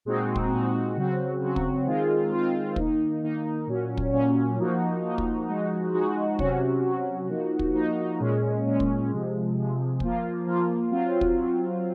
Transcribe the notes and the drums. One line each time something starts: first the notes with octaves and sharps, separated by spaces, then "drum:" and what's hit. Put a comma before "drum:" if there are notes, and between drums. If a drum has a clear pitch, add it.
A#2 G#3 C4 D#4 F#4
drum: kick
A#2 G#3 C4 D#4 F#4
C#3 F#3 C4 F#4
C#3 F#3 C4 F#4
drum: kick
D#3 G#3 C4 F4
D#3 G#3 C4 F4
D#3 A#3 D#4, drum: kick
D#3 A#3 D#4
A#2 F#3 C#4
drum: kick
A#2 F#3 C#4
F3 A#3 D#4 F#4
F3 A#3 D#4 F#4
drum: kick
F3 G#3 D#4 F#4
F3 G#3 D#4 F#4
C3 F#3 C#4 F#4, drum: kick
C3 F#3 C#4 F#4
F3 A#3 D#4 F#4
drum: kick
F3 A#3 D#4 F#4
A#2 G#3 C#4
A#2 G#3 C#4
drum: kick
C3 F3 G#3
C3 F3 G#3
F3 A#3 F4, drum: kick
F3 A#3 F4
F#3 C4 F4
drum: kick
F#3 C4 F4